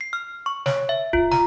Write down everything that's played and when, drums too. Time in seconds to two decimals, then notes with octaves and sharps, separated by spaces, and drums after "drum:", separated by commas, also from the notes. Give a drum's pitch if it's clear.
0.01 C7
0.13 F6
0.46 C#6
0.66 C#5, drum: snare
0.89 E5
1.13 F4, drum: kick
1.32 A#5, drum: snare